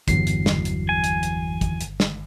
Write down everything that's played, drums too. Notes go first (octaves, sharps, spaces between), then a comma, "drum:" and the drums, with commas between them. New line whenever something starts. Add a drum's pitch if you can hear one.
G1 E2 E3 F#3 C7, drum: kick, hi-hat
drum: hi-hat
drum: snare
drum: hi-hat
G#5
drum: hi-hat
drum: hi-hat
drum: kick, hi-hat
drum: hi-hat
drum: snare